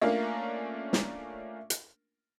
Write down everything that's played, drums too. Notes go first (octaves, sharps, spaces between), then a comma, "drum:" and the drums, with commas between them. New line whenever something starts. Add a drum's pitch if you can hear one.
A3 A#3 C#4 D4 F4 A#4
drum: snare
drum: hi-hat